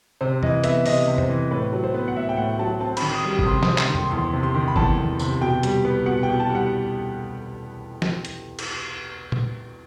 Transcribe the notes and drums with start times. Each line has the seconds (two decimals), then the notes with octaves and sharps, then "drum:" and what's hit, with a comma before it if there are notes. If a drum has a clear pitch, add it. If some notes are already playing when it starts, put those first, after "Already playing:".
0.21 C3 C5
0.43 E3 D#5, drum: tom F2
0.64 B3 E5, drum: hi-hat
0.86 C3 D#5, drum: open hi-hat
1.08 C3
1.18 C5, drum: tom F2
1.29 E3
1.51 A2 B4
1.73 F#3
1.84 C5
1.94 B3
2.08 F#5
2.16 A2 E5
2.29 G5
2.37 A2 F#5
2.59 F#3 A5
2.80 C4 A5
2.97 B5, drum: cymbal
3.02 D#3
3.14 D#6
3.24 G3
3.39 D#6, drum: kick G1
3.45 C3 C6
3.63 D#6, drum: snare
3.68 C4
3.78 C6, drum: clap
3.89 D#3
3.95 C6, drum: tom F2
4.11 E2 C6
4.34 C3
4.43 C6
4.54 D#3
4.68 B5
4.76 E2 A5, drum: kick G1
4.98 E2
5.19 C3, drum: tambourine
5.41 B2 G5
5.63 G3, drum: hi-hat
5.85 B3
6.06 B2 F#5
6.23 G5
6.29 B2
6.40 A5
6.49 G3
6.55 F#5
8.02 drum: snare
8.25 drum: hi-hat
8.59 drum: cymbal
9.32 drum: tom A#2